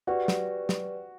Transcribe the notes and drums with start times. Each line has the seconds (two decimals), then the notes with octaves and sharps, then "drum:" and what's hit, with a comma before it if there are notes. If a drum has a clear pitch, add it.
0.07 F#4 G4 B4 D5 G5
0.28 drum: snare
0.69 drum: snare